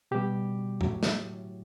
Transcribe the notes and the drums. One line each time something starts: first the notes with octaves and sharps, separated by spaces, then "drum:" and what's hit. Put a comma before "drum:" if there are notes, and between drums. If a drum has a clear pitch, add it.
B2 G3 G4
A2 F#3, drum: tom E2
drum: snare